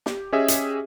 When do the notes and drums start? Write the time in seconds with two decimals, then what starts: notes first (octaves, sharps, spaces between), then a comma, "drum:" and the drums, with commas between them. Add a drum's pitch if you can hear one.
0.06 G4, drum: snare
0.32 C#4 G4 G#4 D#5 E5
0.48 drum: hi-hat